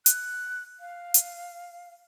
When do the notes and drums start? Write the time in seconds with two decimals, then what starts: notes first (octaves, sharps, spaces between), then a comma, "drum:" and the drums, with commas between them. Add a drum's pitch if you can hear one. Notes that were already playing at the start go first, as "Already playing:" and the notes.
0.06 F#6, drum: hi-hat
0.80 F5
1.14 drum: hi-hat